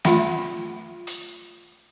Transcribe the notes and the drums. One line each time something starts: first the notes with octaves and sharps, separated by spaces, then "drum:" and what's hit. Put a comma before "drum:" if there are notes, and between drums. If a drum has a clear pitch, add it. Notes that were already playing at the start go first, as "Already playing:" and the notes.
A3 F4 F#5 B5, drum: snare
drum: hi-hat